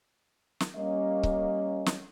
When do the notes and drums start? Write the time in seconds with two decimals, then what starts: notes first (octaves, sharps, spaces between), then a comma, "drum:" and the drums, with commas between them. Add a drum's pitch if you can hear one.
0.60 drum: snare
0.76 G3 A#3 C#4 D#5
1.23 drum: kick C#1
1.86 drum: snare